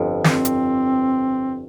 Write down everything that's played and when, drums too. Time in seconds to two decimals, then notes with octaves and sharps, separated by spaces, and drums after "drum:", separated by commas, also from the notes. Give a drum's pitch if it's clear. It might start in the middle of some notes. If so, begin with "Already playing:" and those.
Already playing: G1 F2
0.24 C4, drum: snare
0.45 drum: hi-hat